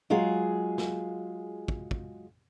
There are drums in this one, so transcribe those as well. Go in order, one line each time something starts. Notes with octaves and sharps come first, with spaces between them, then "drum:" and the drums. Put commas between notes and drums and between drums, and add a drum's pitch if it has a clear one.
F#3 G#3 F4 G#4
drum: snare
drum: kick
drum: kick